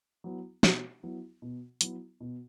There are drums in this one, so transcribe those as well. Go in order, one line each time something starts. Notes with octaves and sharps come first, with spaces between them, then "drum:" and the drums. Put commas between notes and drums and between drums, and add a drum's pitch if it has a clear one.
F#3 B3 E4
B2, drum: snare
F#3 B3 E4
B2
F#3 B3 E4, drum: hi-hat
B2